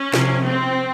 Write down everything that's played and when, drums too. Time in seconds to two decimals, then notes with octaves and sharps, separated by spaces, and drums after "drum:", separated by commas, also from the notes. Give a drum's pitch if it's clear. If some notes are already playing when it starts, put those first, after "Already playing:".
Already playing: C#4
0.14 C3 F3, drum: snare
0.44 C4